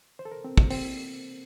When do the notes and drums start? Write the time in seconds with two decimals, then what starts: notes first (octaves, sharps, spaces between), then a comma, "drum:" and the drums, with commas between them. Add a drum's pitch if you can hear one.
0.19 C5
0.25 A4
0.32 A#4
0.44 C4
0.57 A#3, drum: kick
0.70 C4, drum: open hi-hat